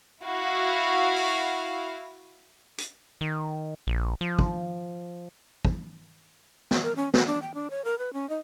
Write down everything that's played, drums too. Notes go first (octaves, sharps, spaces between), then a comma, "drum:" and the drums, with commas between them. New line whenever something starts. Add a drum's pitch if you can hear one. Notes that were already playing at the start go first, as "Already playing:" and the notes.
E4 F#4 F5
drum: open hi-hat
drum: hi-hat
D#3
A#1
F3
drum: kick
drum: kick
drum: snare
A#4
C#4
B4, drum: snare
D4
G5
D4
C#5
A#4
B4
C#4
D#4